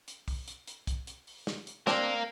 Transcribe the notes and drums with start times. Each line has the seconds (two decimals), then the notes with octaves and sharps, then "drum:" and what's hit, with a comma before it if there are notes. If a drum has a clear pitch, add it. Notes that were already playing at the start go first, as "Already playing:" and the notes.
0.08 drum: hi-hat
0.28 drum: kick, open hi-hat
0.48 drum: hi-hat
0.67 drum: hi-hat
0.87 drum: kick, hi-hat
1.07 drum: hi-hat
1.27 drum: open hi-hat
1.47 drum: snare
1.67 drum: hi-hat
1.87 C4 D4 A#4 F5, drum: snare